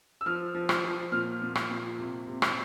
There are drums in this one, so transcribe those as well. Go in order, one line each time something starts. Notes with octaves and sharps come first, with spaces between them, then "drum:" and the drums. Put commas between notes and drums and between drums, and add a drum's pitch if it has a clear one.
E6
F3 F6
F3
drum: rim click
F3
A#2 F6
A#2
drum: rim click
A#2
C3
C3
drum: rim click